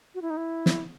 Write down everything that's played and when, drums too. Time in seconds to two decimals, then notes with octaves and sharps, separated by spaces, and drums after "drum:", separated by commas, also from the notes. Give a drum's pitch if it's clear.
0.15 F#4
0.22 E4
0.30 D#4
0.37 E4
0.66 drum: snare